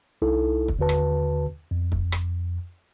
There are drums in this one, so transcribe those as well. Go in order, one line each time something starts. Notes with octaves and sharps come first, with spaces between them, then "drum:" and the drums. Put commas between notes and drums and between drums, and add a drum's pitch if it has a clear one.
C2 D#4 E4 A4
drum: kick
D#2 D3 F#4 B4 A5
drum: rim click
F2
drum: kick
drum: rim click